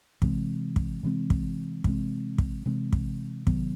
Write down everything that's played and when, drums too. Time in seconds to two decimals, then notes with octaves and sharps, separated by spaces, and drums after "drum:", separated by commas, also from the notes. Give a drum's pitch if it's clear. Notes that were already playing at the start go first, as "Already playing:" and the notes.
0.22 C3 E3 G#3 C4, drum: kick
0.76 drum: kick
1.03 C3 E3 G#3 C4
1.30 drum: kick
1.84 C3 E3 G#3 C4, drum: kick
2.38 drum: kick
2.66 C3 E3 G#3 C4
2.93 drum: kick
3.47 C3 D#3 F#3 B3, drum: kick